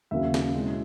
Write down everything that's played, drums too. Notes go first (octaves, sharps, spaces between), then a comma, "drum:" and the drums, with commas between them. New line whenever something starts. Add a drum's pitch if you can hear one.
D#2 C#3 F#3 A#3 E5
drum: snare
B2 G#3 C#4 E4